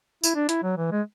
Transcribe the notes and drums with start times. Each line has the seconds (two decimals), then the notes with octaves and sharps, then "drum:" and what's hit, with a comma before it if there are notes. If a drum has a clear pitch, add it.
0.24 E4, drum: tambourine
0.35 D4
0.49 E4, drum: hi-hat
0.63 F#3
0.77 E3
0.91 G#3